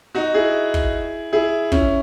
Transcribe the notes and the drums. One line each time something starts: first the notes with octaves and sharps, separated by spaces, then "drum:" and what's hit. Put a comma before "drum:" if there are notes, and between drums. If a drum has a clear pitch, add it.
D#4 F#4
E4 G#4
drum: kick
E4 G#4
C#4 E4, drum: kick